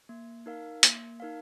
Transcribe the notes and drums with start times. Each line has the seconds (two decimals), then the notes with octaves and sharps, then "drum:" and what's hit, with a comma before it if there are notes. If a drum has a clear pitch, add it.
0.09 A#3
0.46 D#4 A#4 F5
0.83 A#3, drum: hi-hat
1.20 D#4 A#4 F5